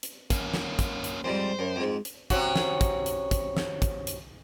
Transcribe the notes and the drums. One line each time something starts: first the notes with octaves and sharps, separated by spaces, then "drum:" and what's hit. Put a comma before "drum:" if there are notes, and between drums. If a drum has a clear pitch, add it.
drum: hi-hat
A#3 C#4, drum: kick, hi-hat
drum: snare
drum: kick, hi-hat
drum: hi-hat
F2 G#2 G3 C5
F#2
F2 G#2
drum: hi-hat
C3 C#4 F#4, drum: kick, hi-hat
drum: snare
drum: kick, hi-hat
drum: hi-hat
drum: kick, hi-hat
drum: snare
drum: kick, hi-hat
drum: hi-hat